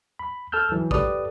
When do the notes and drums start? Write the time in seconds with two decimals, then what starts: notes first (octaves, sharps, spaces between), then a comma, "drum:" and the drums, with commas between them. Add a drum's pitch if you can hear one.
0.19 B5
0.52 A4 A5 E6 F6 G6
0.72 E3 F#3
0.91 G4 A4 B4 D5 D#6, drum: kick